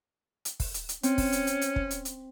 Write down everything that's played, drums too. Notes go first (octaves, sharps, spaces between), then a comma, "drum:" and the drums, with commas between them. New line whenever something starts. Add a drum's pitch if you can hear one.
drum: hi-hat
drum: kick, open hi-hat
drum: hi-hat
drum: hi-hat
C4 C#4, drum: hi-hat
drum: kick, open hi-hat
drum: hi-hat
drum: hi-hat
drum: hi-hat
drum: kick
drum: hi-hat
drum: hi-hat